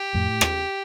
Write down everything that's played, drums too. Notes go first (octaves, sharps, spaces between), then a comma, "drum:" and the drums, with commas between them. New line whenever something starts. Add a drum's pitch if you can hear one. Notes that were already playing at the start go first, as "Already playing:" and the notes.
Already playing: G4
F2 A2
drum: rim click